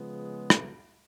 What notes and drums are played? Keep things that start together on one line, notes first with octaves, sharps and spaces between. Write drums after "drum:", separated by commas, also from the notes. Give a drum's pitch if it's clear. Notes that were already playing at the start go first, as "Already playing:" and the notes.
Already playing: C#3 F3 G#3 B3
drum: rim click